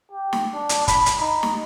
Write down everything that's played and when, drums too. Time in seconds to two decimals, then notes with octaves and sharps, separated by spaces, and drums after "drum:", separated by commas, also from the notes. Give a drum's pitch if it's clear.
0.12 G4
0.33 drum: snare
0.54 D4
0.69 drum: hi-hat
0.88 B5, drum: kick G1, hi-hat
1.06 drum: hi-hat
1.20 D#4
1.43 drum: snare